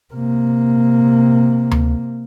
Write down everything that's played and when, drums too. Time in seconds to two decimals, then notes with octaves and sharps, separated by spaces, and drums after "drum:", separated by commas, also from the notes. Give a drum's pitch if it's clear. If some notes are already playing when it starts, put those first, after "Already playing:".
0.14 C3 A#3
1.71 drum: tom D2